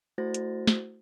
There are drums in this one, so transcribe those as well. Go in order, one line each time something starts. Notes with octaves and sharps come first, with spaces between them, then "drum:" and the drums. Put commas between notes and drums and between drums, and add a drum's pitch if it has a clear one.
A3 E4 F#4 C5 A6 A#6
drum: hi-hat
drum: snare